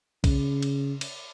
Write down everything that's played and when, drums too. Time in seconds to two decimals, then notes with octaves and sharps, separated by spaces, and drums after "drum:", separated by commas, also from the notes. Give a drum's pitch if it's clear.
0.24 C#3, drum: kick B1, cymbal
0.63 drum: cymbal
1.01 drum: cymbal